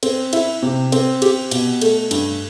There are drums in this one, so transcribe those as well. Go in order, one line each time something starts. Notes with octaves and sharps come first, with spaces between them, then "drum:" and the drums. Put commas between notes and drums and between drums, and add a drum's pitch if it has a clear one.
C4, drum: cymbal
E4, drum: cymbal
C3
C4, drum: cymbal
G4, drum: cymbal
B2, drum: cymbal
A3, drum: cymbal
G2, drum: cymbal